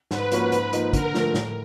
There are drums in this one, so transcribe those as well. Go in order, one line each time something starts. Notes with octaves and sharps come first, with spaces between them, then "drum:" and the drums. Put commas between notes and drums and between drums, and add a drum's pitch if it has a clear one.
G#2 B4, drum: snare
F3 A#3 C#4 F#4, drum: hi-hat
G#2, drum: hi-hat
F3 A#3 D#4, drum: hi-hat
D3 A#4, drum: kick, hi-hat
F3 A3, drum: snare
A2, drum: snare